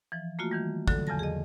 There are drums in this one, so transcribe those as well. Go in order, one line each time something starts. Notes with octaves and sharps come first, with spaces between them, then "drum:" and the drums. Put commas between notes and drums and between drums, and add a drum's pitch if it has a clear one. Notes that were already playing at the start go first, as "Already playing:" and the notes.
E3 F3
A3 A#3 F4 F#4
D#3 E3 G3
D3 F#3 A4, drum: kick
E2 C#3 F3 A5 A#6
G#4 D#5